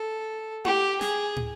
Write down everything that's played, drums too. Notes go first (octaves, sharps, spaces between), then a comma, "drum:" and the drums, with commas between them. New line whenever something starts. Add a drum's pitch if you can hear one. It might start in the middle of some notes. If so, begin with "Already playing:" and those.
Already playing: A4
G4, drum: tom E4
G#4, drum: snare
drum: tom